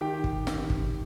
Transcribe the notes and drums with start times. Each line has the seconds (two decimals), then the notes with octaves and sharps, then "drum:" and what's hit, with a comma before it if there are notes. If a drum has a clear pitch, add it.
0.01 D#3 G4 G5
0.24 drum: kick
0.47 D#3, drum: snare
0.70 drum: kick